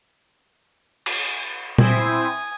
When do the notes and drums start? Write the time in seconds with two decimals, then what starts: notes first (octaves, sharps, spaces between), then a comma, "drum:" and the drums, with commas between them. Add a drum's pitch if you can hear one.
1.06 drum: cymbal
1.78 C4 E4 C5 G#5 D#6, drum: tom A#2